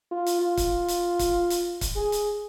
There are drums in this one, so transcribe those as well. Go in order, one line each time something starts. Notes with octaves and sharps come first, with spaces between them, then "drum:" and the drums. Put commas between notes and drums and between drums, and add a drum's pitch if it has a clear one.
F4
drum: hi-hat
F4
drum: kick, hi-hat
drum: hi-hat
drum: kick, hi-hat
drum: hi-hat
drum: kick, hi-hat
G#4
drum: hi-hat